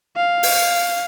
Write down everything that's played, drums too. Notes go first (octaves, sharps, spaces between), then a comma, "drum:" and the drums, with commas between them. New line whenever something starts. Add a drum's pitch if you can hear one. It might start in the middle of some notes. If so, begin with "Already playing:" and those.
F5
drum: open hi-hat